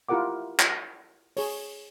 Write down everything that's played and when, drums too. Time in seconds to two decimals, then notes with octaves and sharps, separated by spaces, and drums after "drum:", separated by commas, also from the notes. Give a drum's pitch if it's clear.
0.09 E4 F4 G4 A#4 F#5 D6
0.60 drum: clap
1.37 G#4 C#5, drum: open hi-hat